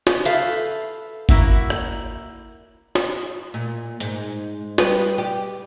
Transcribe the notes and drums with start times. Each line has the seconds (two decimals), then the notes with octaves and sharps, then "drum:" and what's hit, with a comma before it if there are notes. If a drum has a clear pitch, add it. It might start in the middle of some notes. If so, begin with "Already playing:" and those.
0.07 drum: snare
0.25 A4 B4 C5 E5 F5, drum: hi-hat
1.29 A#3 E4 F#4, drum: kick G1
1.70 drum: rim click
2.95 drum: snare
3.54 A#2
4.00 G#2, drum: hi-hat
4.78 G3 G4 B4, drum: snare
5.18 G4